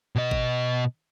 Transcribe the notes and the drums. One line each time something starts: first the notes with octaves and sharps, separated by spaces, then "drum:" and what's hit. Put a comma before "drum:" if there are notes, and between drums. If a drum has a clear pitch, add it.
B2 D#5
drum: kick G#1